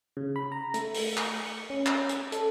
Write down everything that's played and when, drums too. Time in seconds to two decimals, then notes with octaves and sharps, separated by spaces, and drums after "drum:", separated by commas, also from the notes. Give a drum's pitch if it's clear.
0.17 C#3
0.36 B5
0.52 A#5
0.74 A3, drum: hi-hat
0.94 drum: open hi-hat
1.17 drum: clap
1.46 C#7
1.70 C#4
1.86 drum: clap
2.09 drum: hi-hat
2.32 A4, drum: hi-hat